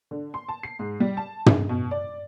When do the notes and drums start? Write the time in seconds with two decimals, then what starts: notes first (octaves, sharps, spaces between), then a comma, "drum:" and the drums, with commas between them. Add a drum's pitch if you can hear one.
0.11 D3
0.34 C6
0.49 A5
0.63 C7
0.79 G#2
1.00 G3
1.17 A5
1.46 G#4, drum: tom
1.69 B2
1.91 D5